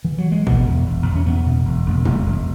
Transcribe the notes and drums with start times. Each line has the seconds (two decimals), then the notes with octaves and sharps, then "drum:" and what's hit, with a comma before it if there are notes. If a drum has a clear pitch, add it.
0.05 E3
0.18 F#3
0.32 G#3
0.47 B2 B3, drum: kick
0.67 E2
0.86 E1
1.06 E2
1.16 C#4
1.26 E2 B3
1.47 B2
1.65 E1
1.86 E1
2.05 E1, drum: tom
2.26 E1